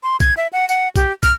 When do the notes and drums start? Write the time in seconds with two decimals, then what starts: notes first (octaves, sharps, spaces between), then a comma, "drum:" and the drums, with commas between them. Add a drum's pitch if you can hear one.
0.03 C6
0.20 G#6, drum: kick, tambourine
0.37 E5
0.53 F#5
0.69 F#5, drum: tambourine
0.96 G4, drum: kick, tambourine
1.23 F6, drum: kick, tambourine